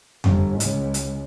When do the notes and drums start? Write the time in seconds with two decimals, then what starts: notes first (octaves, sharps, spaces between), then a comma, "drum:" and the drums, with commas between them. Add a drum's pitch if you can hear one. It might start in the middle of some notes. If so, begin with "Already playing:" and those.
0.24 G1, drum: tom F2
0.60 C#2, drum: hi-hat
0.94 drum: hi-hat